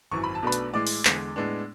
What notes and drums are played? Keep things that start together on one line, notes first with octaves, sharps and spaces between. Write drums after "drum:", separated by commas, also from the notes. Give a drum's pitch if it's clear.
G#1 F#2 E3 C#6
B5
A5
B1 B2 A3 D4 B4 B5
drum: hi-hat
A2 E3 G#3 D5 D6
drum: open hi-hat
E2 D3 G#3, drum: clap
A2 G#3 B3 D4